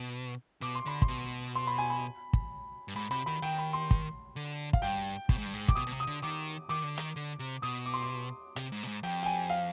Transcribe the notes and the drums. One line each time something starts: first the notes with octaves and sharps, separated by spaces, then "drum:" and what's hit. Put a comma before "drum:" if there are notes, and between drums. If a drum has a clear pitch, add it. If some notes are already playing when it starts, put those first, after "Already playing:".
Already playing: B2
B2 D6
C6
D3 B5
C6, drum: kick
B2
C6
B5
G#5
B5
drum: kick
G2
G#2 B5
C3 B5
D#3 B5
D#3 G5
B5
C6
drum: kick
D3
F5, drum: kick
G2 G5
B2, drum: kick
G#2
G2
G#2
D6, drum: kick
B2 D#6
B2
C3
D#6
D3
D#3 D6
D#3 D6
D3
D#3, drum: hi-hat
D3
C3
B2 D#6
D6
C6
D6
C3, drum: hi-hat
G#2
B2
G#2
F2 G5
G5
G#5
F5